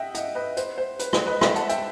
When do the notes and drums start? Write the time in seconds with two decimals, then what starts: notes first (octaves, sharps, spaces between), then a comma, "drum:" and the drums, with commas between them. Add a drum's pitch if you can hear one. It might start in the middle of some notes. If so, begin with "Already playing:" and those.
Already playing: D#5 E5 F#5 G5
0.15 D#5 F#5, drum: hi-hat
0.35 B4 D#5
0.57 C5, drum: hi-hat
0.78 C5
0.99 B4, drum: hi-hat
1.13 C5, drum: rim click
1.27 B4 D#5
1.41 C5 E5, drum: rim click
1.56 F#5 A5, drum: hi-hat
1.69 E5 G5, drum: hi-hat